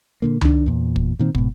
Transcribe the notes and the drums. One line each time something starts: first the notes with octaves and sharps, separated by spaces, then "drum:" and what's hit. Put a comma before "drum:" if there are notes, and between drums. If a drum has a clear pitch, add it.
A#2 D3 A#3
D#3 D4, drum: tom C#2
E2 A#2
drum: kick
A#2 D#3 C4
G#2 B2, drum: kick